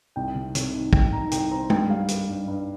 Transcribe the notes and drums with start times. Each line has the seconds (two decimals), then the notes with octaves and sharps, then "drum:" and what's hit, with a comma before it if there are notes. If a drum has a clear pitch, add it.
0.16 C2 G5
0.35 C3
0.55 C3, drum: hi-hat
0.73 D#3
0.93 D#3 G5, drum: kick
1.12 D#3 A#5
1.31 C2 G5, drum: hi-hat
1.51 C4 A#5
1.70 G2 G5, drum: tom
1.89 G3 F5
2.08 G3, drum: hi-hat
2.28 G2
2.48 G2